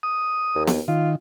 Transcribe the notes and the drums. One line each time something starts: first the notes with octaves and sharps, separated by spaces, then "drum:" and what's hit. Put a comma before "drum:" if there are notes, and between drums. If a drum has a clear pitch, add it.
D#6
D#2
drum: snare B3
D#3 F4